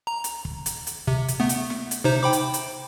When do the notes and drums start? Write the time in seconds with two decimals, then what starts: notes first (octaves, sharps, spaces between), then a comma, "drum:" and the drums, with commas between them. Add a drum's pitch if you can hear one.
0.07 A#5
0.24 drum: hi-hat
0.45 drum: kick
0.66 drum: hi-hat
0.87 drum: hi-hat
1.07 C3, drum: kick
1.28 drum: hi-hat
1.40 A3 B3
1.49 drum: hi-hat
1.70 drum: snare
1.91 drum: hi-hat
2.04 C3 D#4 C5
2.23 G5 B5 D6
2.33 drum: hi-hat
2.54 drum: hi-hat